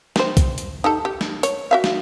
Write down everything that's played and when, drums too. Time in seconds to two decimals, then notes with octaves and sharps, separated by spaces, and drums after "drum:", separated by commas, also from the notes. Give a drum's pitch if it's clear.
0.16 G4 C5, drum: snare
0.37 drum: kick, hi-hat
0.58 drum: hi-hat
0.84 D#4 G4 A4
1.05 G4
1.21 drum: snare
1.43 C#5, drum: hi-hat
1.71 F#4 E5 F5
1.84 drum: snare